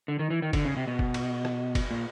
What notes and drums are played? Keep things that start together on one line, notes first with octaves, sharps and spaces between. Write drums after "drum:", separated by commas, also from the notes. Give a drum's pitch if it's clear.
D3
D#3
E3
D#3
D3, drum: kick, cymbal
C#3
C3
B2
drum: kick
drum: cymbal
drum: rim click
drum: kick, cymbal
A#2